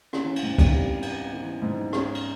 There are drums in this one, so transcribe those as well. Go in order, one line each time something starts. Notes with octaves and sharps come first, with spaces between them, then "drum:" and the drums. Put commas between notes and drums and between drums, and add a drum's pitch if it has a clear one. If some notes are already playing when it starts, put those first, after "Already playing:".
E3 C#4, drum: rim click
C#4
C4, drum: cymbal
G#2
C4
B3, drum: kick, cymbal
G3
B3, drum: cymbal
E3
G#2
C#4, drum: rim click
drum: cymbal